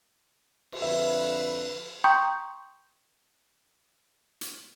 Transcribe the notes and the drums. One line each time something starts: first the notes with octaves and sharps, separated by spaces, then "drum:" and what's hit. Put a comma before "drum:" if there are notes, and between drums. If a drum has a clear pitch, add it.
drum: cymbal
F2 D3 B4 E5
G5 A#5 C6 C#6 D#6 G6
drum: hi-hat